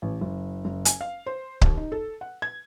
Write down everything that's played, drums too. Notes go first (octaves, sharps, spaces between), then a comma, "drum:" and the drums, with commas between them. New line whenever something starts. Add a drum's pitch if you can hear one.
A1
F#1
F#1
G#5, drum: hi-hat
F5
C5
D#2, drum: kick C#1
D#4
A4
F#5
G#6